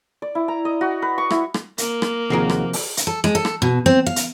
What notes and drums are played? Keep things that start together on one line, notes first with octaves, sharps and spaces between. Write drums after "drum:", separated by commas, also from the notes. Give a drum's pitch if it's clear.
D5
E4
A#5
D#5
F#4
B4
C#6
E4, drum: rim click
drum: rim click
A#3, drum: hi-hat
drum: rim click
D#2 C3 F3 F#4 G#4 A#4
drum: rim click
drum: open hi-hat
drum: hi-hat
A4
G#3, drum: rim click
A4
drum: rim click
B2
C4
F5
drum: hi-hat